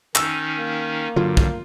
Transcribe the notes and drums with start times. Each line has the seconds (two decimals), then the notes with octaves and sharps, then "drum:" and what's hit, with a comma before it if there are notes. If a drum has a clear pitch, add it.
0.15 D#3 C#4 D#4 E6, drum: clap
0.59 A#3
1.16 G2 D3 F#3 F4
1.37 drum: kick